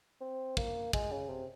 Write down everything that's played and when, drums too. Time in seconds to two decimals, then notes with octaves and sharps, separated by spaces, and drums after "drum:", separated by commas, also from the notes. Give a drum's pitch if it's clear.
0.21 C4
0.57 A#3, drum: kick
0.93 G#3, drum: kick
1.11 C#3
1.29 C3